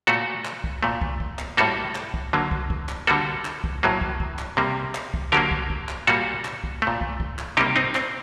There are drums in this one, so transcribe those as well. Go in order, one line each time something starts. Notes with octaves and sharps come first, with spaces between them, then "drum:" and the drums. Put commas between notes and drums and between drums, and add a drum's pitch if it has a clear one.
A#2 A3 F#4 A4
drum: clap
drum: kick
A#2 A3
drum: kick
drum: kick
drum: clap
A2 G3 A#3 F#4 A4
drum: clap
drum: kick
D3 F#3 A#3
drum: kick
drum: kick
drum: clap
D3 G3 A#3 F#4 A4
drum: clap
drum: kick
A2 F#3 A#3
drum: kick
drum: kick
drum: clap
C3 G3 A#3
drum: clap
drum: kick
D3 F#3 A#3 G4 A#4
drum: kick
drum: kick
drum: clap
A#2 G3 A#3 F#4 A4
drum: clap
drum: kick
A3
A#2
drum: kick
drum: kick
drum: clap
C3 G3 A#3 D#4 G4
C4 D#4
C4, drum: clap